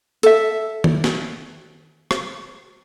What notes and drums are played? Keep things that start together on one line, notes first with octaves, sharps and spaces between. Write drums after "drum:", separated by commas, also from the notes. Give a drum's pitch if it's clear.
A4 E5, drum: hi-hat
drum: tom D#3
drum: snare
drum: rim click